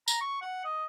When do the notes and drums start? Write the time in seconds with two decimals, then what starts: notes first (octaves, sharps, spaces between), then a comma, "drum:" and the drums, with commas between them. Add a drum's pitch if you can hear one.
0.08 A#5, drum: tambourine
0.21 C#6
0.42 F#5
0.65 D#5